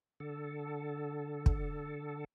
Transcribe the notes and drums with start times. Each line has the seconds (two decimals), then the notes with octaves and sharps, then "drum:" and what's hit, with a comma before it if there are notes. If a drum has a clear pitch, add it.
0.20 D3 A4
1.46 drum: kick